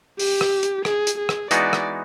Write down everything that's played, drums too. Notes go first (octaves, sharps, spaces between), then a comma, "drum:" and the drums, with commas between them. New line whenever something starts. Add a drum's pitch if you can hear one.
G4, drum: open hi-hat
drum: rim click
drum: hi-hat
G#4, drum: rim click
drum: hi-hat
G#4
drum: rim click
E3 G#3 B3 D#4 F#4 D5, drum: hi-hat
drum: rim click